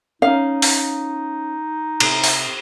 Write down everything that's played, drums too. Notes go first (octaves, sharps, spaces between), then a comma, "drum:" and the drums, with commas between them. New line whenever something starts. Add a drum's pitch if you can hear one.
C#4 D#4 F5
drum: open hi-hat
C3, drum: cymbal
drum: open hi-hat